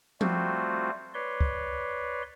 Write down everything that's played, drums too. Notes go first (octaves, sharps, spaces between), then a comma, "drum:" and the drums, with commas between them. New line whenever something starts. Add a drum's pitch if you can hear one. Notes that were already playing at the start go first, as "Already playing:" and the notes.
G3 A3 C4 F4 F#4 C5, drum: tom F3
B4 C#5 D5 C6
drum: kick